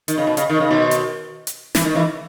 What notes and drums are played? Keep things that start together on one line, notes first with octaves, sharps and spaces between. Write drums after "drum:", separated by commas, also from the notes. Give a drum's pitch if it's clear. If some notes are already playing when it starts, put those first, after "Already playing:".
D#3, drum: hi-hat
C#3
B2
C#3, drum: hi-hat
D#3
C#3
B2 D#3
drum: hi-hat
drum: hi-hat
E3, drum: snare
D#3
C#3 E3